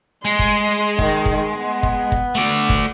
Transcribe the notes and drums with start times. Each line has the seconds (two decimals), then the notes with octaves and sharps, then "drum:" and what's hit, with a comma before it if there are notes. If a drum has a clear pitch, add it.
0.25 G#3 C6
0.39 drum: kick
0.99 D#3, drum: kick
1.26 drum: kick
1.57 B3
1.83 drum: kick
2.12 drum: kick
2.35 A3 D5
2.69 drum: kick